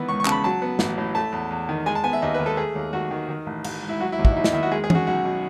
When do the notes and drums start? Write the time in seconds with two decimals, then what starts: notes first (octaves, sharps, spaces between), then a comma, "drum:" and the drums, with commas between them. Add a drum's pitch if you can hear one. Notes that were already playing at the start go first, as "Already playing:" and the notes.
Already playing: D#3 E3 B3
0.08 C#2 C#6
0.20 C#6
0.25 C#3 A5, drum: clap
0.31 B5
0.44 F#3 A5
0.62 B3
0.79 A1, drum: snare
0.98 A2
1.15 A3 A5
1.32 E2
1.51 E2
1.69 D#3
1.86 G#3 G#5
1.95 A5
2.04 B3 G#5
2.13 E5
2.22 D#2 D#5
2.34 B4
2.40 D#3
2.46 A4
2.57 A3 G#4
2.75 D#2
2.93 D#2 F#4
3.11 D#3
3.29 D#3
3.46 A1
3.64 A1, drum: cymbal
3.83 G#2
3.89 E4
4.00 F#3 F#4
4.12 E4
4.19 D#2
4.25 E4, drum: kick
4.31 D#4
4.36 D#2 E4
4.44 D#4, drum: snare
4.53 D#3 E4
4.63 F#4
4.72 G#3 G#4
4.84 G#4
4.90 C#4 F#4, drum: tom E3
5.07 B1 F#4
5.25 B2